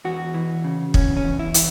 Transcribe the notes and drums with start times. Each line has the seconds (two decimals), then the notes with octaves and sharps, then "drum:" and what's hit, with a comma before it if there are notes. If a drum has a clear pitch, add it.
0.05 E2 F#4
0.34 E3
0.64 C#3
0.94 E2 C#4, drum: kick
1.17 C#4
1.24 E2
1.39 E4
1.54 E3, drum: hi-hat